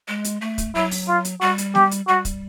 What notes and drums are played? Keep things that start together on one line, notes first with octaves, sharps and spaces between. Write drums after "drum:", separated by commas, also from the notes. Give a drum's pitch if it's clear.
G#3
drum: hi-hat
A3
drum: kick, hi-hat
F#3 E4
drum: open hi-hat
F4
drum: hi-hat
G3 F#4
drum: hi-hat
G4, drum: snare
drum: hi-hat
G3 F#4
drum: kick, hi-hat